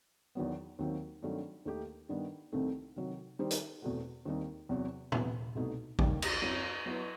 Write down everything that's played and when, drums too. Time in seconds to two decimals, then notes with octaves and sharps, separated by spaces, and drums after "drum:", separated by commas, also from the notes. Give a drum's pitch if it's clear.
0.35 E2 D#3 F#3 B3
0.79 D#2 D#3 F#3 C4
1.22 G2 D#3 F#3 A3 C4
1.65 D#2 D#3 A3 D#4 G4
2.09 G2 D#3 G3 B3
2.52 C2 C3 D#3 A3 C4
2.96 C3 D#3 F#3
3.39 D#3 G3 D#4 G4 C5
3.51 drum: hi-hat
3.82 E2 B2 A3 C4 F#4
4.25 D#2 D#3 G3 C4 D#4
4.69 E2 C3 F#3 B3 F#4
5.12 C3 E3 B3 E4, drum: tom A#2
5.55 C2 B2 A3 D#4
5.99 D#2 D#3 G3, drum: kick A1
6.22 drum: cymbal
6.42 F#2 F#3 C4 E4
6.86 F#3 B3 E4 B4